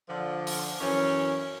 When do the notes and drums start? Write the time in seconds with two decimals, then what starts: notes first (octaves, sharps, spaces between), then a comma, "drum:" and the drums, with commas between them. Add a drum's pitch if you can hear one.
0.09 D3 F3
0.47 drum: open hi-hat
0.80 F#2 E3 C#4